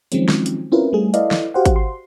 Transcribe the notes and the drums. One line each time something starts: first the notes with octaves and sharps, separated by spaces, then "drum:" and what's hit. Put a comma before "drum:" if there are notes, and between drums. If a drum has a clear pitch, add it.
D#3 F3 F#3 G#3 C4 C#4, drum: hi-hat
drum: snare
drum: hi-hat
C4 C#4 E4 F4 A#4 B4
G3 A3 G#4
E4 A4 B4 D5 D#5 F5, drum: hi-hat
drum: snare
F#4 G4 C5 F5 F#5
drum: kick G#1, hi-hat
C6